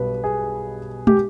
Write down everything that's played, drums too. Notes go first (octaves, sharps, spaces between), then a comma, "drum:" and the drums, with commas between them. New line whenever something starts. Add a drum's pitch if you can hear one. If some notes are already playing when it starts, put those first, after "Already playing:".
Already playing: B1 B2 G3 B4
G#4
G4, drum: tom